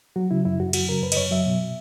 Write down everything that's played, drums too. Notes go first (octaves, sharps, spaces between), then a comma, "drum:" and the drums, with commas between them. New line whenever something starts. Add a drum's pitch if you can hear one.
F#3 F#4
C#3 E4
F#2 E4
F#2 F#4
F#3 F#4, drum: cymbal
C#3 A#4
F#2 B4
D#5, drum: cymbal
F#2 C#5
F#3 E5
B2